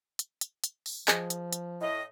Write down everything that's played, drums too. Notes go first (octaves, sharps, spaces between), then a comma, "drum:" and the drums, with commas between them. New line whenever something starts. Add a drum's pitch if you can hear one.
drum: hi-hat
drum: hi-hat
drum: hi-hat
drum: open hi-hat
F3 G#4 D#5, drum: clap
drum: hi-hat
drum: hi-hat
A2 D#5